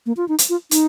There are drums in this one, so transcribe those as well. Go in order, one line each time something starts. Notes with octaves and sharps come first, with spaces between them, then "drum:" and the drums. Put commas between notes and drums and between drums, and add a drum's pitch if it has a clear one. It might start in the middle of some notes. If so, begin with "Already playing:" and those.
A#3
F4
D#4
drum: hi-hat
F4
D#4, drum: hi-hat